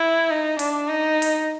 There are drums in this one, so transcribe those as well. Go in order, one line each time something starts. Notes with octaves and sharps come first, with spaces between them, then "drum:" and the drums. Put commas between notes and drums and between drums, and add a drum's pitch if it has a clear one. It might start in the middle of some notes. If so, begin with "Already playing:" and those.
Already playing: E4
D#4
D4, drum: open hi-hat
D#4
drum: open hi-hat